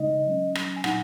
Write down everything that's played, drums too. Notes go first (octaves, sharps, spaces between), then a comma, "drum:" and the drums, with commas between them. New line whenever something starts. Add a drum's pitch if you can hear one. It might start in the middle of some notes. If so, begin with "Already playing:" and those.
Already playing: C#3 G#3 D#4 D#5
F#3 C#4
drum: rim click
G#5
A#2 F#3 D#4 F#5, drum: rim click